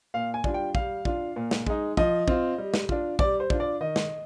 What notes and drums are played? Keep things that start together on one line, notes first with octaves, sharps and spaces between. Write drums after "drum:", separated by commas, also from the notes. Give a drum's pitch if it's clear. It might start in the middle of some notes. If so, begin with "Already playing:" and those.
A#2 F5
G#5
G3 D4 F4, drum: kick
G5
G3 F5, drum: kick
D4 F4, drum: kick
A#2
drum: snare
G#3 D#4, drum: kick
F3 D#5, drum: kick
C4 F4, drum: kick
G3
drum: snare
D4 F4, drum: kick
G3 D5, drum: kick
C5
D4 F4, drum: kick
D5
D#3 D#5
drum: snare